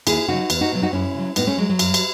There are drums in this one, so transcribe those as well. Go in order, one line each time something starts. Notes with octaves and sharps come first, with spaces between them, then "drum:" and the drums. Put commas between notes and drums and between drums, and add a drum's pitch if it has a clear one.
D#2 E4 G#4, drum: cymbal
C#3 F#3 D#4 F#4
E2, drum: cymbal
D#4 F#4
B2 F#3
D#4 F#4
F#2 C#4 E4
C#3 F#3
A2 B3 D#4, drum: cymbal
A3 C#4
F#3 G#3
F#3
F#2, drum: cymbal
drum: cymbal